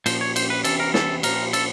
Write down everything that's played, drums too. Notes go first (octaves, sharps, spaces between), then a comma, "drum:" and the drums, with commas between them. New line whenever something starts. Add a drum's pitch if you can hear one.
A#2 F3 C5, drum: cymbal
C#5
C5, drum: cymbal
B4
E2 C3 E3 A4, drum: cymbal
A#4
A4, drum: snare
A#2 F3 A#4, drum: cymbal
A4, drum: cymbal